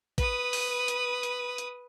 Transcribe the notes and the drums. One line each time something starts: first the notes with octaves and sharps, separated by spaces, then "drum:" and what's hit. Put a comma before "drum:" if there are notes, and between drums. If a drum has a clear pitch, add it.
B4 D#6, drum: kick A1, hi-hat
drum: open hi-hat
drum: hi-hat
drum: hi-hat
drum: hi-hat